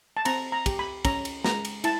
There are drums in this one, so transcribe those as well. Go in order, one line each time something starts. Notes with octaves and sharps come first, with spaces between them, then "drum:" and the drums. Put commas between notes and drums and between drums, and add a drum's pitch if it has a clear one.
A5
C4 A#5, drum: cymbal
A#5
G4, drum: kick, cymbal
B5
C#4 A#5, drum: kick, cymbal
drum: cymbal
G#3 A#5, drum: snare
drum: cymbal
E4 A5, drum: cymbal